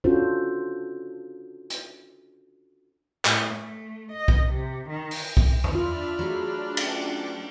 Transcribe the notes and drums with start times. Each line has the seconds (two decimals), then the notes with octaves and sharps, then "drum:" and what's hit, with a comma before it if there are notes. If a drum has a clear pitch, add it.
0.04 C#4 D4 F4 F#4 A4 C5
1.70 drum: hi-hat
3.25 A2, drum: clap
3.55 A3
4.12 D#5
4.28 drum: kick B1
4.51 C3
4.90 D#3
5.11 drum: open hi-hat
5.37 drum: kick B1
5.64 drum: tom E2
5.75 D4 F4 D5 E5 B5 F6
6.19 F#3 A3 D4 G#4
6.77 C#4, drum: cymbal